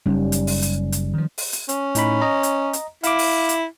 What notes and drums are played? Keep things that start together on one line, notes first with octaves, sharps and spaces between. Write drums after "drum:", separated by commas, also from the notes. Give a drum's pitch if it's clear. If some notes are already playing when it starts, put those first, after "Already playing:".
F#1 G3 C#4 D#4
drum: hi-hat
drum: open hi-hat
drum: hi-hat
drum: hi-hat
D#3 F3
drum: open hi-hat
drum: hi-hat
C#4, drum: hi-hat
A2 D#4 B5, drum: hi-hat
D#5 A#5
drum: hi-hat
drum: hi-hat
E4 F5 D6, drum: hi-hat
drum: open hi-hat
drum: hi-hat